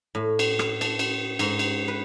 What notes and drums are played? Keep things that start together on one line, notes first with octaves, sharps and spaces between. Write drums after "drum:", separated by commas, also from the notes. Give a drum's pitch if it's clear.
A2
drum: cymbal
drum: rim click
A5, drum: cymbal
drum: cymbal
G#2, drum: cymbal
drum: cymbal
B4